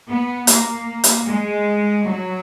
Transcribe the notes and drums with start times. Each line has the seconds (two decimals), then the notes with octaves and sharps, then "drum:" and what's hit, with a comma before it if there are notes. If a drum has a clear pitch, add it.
0.09 B3
0.47 A#3, drum: hi-hat
1.04 drum: hi-hat
1.27 G#3
2.06 F#3